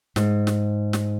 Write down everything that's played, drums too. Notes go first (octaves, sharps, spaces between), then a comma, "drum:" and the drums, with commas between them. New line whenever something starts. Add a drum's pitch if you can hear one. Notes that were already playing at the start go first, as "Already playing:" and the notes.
G#2, drum: snare
drum: snare
drum: snare